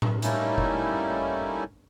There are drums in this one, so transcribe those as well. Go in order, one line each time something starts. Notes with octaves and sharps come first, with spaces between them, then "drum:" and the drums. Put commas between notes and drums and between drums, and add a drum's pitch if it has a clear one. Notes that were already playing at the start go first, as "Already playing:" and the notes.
drum: tom A2
G3 A3 A#3 C#4 D#4 E4, drum: hi-hat
drum: kick F#1